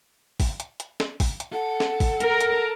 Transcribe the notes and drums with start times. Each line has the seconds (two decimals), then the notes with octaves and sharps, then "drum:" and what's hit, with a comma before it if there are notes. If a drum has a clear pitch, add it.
0.40 drum: kick, open hi-hat
0.60 drum: hi-hat
0.80 drum: hi-hat
1.00 drum: snare
1.20 drum: kick, open hi-hat
1.40 drum: hi-hat
1.53 A4 F#5
1.80 drum: snare
2.00 drum: kick, open hi-hat
2.20 A#4, drum: hi-hat
2.41 drum: hi-hat